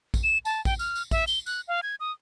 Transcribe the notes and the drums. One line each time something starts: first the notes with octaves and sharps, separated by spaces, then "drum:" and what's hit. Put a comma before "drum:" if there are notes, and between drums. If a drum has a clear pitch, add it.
drum: kick, tambourine
E7
A5, drum: tambourine
G5, drum: kick, tambourine
F6, drum: tambourine
drum: tambourine
E5, drum: kick, tambourine
G7, drum: tambourine
F#6, drum: tambourine
F5
G#6
D#6